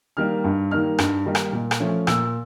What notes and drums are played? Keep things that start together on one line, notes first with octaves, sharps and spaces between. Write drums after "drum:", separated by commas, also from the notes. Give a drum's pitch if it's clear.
D#3 G3 A#3 D#4 F6
G2
D#3 G3 A#3 D#4 F6
G2, drum: rim click
D#3 G3 A#3 D#4
drum: rim click
A#2
drum: rim click
F3 A3 C#4
A#2 E6, drum: rim click